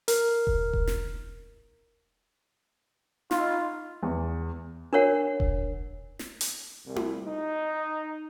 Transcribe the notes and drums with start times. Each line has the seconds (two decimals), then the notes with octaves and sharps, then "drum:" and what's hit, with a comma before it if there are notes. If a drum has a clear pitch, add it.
0.08 A#4, drum: hi-hat
0.47 drum: kick E1
0.73 drum: kick E1
0.87 drum: snare
3.31 D#4 F4, drum: snare
4.03 E2
4.93 D4 A#4 C#5 F#5
5.40 drum: kick E1
6.19 drum: snare
6.41 drum: hi-hat
6.86 C2
6.96 drum: tom E4
7.27 D#4